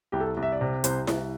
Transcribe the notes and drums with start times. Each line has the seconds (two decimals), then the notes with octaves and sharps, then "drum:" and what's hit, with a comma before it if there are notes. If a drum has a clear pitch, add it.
0.12 C2 G4
0.20 A4
0.37 C2
0.43 E5
0.52 D5
0.61 C3
0.84 C2 C5, drum: hi-hat
1.07 C2, drum: snare E4